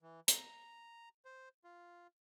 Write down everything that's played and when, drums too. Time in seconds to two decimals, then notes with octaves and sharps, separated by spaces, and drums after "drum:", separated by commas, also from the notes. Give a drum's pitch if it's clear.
0.02 E3
0.28 A#5, drum: hi-hat
1.25 C5
1.64 F4